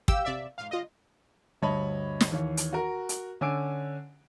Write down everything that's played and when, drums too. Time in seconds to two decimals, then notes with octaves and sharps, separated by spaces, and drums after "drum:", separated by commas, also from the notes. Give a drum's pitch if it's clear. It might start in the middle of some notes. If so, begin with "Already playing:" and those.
0.08 G4 F5 G5 E6, drum: kick
0.24 C3 D5 E5
0.58 E2 G#2 F4 F5
0.71 D3 G3 F4 D#5
1.62 D2 G2 C#5 D#5 A5 B5
2.21 drum: snare
2.31 D#2 E3 C#5
2.57 drum: hi-hat
2.73 F#4 A#4
3.09 drum: hi-hat
3.41 D3 C#4 G#5 D6 E6 D7